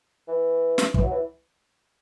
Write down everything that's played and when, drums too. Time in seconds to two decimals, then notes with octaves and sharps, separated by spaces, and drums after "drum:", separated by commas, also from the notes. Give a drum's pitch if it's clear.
0.28 E3
0.78 drum: snare
0.94 E3, drum: kick
1.03 F#3
1.11 E3